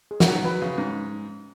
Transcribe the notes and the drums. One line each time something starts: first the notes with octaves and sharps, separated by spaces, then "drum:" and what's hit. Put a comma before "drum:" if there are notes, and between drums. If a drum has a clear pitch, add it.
G#4
F#3, drum: snare
D#3 F#5
F#3 B4
C#3 C#4
G#2 C#4